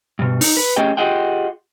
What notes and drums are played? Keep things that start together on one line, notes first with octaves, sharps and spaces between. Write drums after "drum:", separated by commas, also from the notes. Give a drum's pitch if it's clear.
G2 B2
D#4, drum: open hi-hat
B4
A3 C#4 G4 G#4 D#5 G5
F4 G4 G#4 D#5 F#5 G5